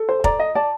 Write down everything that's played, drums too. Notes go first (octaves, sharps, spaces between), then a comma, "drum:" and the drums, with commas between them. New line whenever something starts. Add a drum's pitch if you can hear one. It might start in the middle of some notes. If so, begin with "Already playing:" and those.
Already playing: A4
C5
D5 A#5, drum: kick F1
D#5
D5 A5